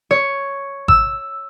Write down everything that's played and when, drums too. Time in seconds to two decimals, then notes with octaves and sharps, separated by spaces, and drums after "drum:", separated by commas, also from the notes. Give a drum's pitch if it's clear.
0.11 C#5
0.88 E6, drum: kick G#1